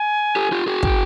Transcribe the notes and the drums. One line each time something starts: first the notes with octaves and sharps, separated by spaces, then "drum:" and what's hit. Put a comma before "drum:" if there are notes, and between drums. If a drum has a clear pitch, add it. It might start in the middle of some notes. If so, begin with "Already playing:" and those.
Already playing: G#5
G4 A4
F4 G4
F#4 G#4
G5, drum: kick